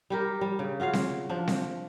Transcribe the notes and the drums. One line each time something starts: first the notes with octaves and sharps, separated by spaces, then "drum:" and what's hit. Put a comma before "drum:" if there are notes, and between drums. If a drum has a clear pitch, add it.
G3 G4 A#4
G3
C#3
F4 F#4 G#4 F5
drum: snare C4
F3 D4
drum: snare C4